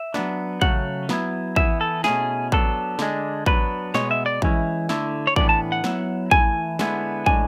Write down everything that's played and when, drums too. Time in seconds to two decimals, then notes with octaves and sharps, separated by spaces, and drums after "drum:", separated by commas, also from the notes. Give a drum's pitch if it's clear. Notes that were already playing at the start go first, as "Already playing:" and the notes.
Already playing: E5
0.14 F#3 B3 D4, drum: snare
0.62 C#3 F#3 A3 C#4 F#5, drum: kick
1.09 F#3 B3 E4, drum: snare
1.56 E3 B3 E4 E5, drum: kick
1.81 A4
2.04 B2 A3 C#4 E4 G#4, drum: snare
2.52 F#3 B3 D4 A4, drum: kick
2.99 D3 G#3 D4, drum: snare
3.46 F#3 B3 D4 B4, drum: kick
3.94 B2 G#3 B3 C#5, drum: snare
4.11 E5
4.26 D5
4.42 E3 G#3 C#4 E4, drum: kick
4.89 D3 A3 E4, drum: snare
5.27 C#5
5.36 A2 E3 B3 D4 D5, drum: kick
5.49 A5
5.72 F#5
5.84 F#3 B3 E4, drum: snare
6.31 E3 A3 E4 G#5, drum: kick
6.79 D3 G#3 B3 E4, drum: snare
7.26 A2 G#3 D4 G#5, drum: kick